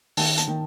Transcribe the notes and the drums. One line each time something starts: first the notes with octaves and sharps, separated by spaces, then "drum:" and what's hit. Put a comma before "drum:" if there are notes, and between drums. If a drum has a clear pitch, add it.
D#3 A5, drum: open hi-hat
A5, drum: hi-hat
D#3